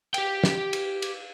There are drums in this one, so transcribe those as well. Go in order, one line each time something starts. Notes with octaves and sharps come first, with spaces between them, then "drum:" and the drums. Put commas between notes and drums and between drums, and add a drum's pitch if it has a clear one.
G4 G5, drum: cymbal
drum: snare
drum: cymbal
drum: cymbal